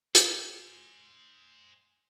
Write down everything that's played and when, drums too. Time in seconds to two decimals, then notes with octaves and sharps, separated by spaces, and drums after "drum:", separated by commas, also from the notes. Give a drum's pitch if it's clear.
0.15 C5 G#5, drum: hi-hat